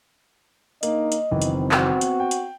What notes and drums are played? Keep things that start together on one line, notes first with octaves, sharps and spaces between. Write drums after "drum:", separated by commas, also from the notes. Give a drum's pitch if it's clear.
C#3 A#3 D4 D#4 D#5, drum: hi-hat
drum: hi-hat
F#1 D#3 E3 B3 C4
drum: hi-hat
F#4, drum: clap
drum: hi-hat
G5
drum: hi-hat